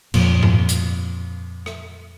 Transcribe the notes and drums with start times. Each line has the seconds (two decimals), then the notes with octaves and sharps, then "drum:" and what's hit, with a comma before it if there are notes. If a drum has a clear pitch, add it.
0.14 F2 A#2, drum: cymbal
0.43 drum: tom G2
0.69 drum: hi-hat
1.66 drum: rim click